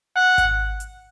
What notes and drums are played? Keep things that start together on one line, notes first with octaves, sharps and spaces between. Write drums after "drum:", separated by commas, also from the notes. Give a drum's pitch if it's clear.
F#5
drum: kick G#1, hi-hat
drum: hi-hat